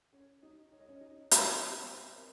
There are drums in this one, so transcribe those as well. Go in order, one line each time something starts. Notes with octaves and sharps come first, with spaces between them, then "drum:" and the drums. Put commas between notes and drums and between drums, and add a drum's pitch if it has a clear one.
C#4 C#5
D#4 D#5
C#5
D#5
C#4 C#5
D#4 D#5
drum: hi-hat
C#4 C#5
C4 C5
A#4